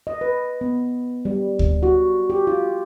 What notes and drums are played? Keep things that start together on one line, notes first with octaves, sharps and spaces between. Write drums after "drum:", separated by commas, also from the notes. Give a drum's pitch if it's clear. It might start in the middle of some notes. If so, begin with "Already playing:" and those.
D#5
B4
B3
G3
drum: kick D2
F#4
G4
F4